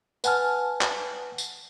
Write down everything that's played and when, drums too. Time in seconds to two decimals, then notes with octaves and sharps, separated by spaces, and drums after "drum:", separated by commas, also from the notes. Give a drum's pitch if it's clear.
0.24 B4 F#5 G#5 A5 F6, drum: tambourine
0.81 drum: clap
1.38 drum: tambourine